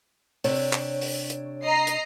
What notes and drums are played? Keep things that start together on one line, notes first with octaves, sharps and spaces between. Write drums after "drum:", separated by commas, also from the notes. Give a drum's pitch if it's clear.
C3 D4 C#5, drum: open hi-hat
drum: clap
drum: open hi-hat
drum: hi-hat
D#5 A#5 C7
drum: hi-hat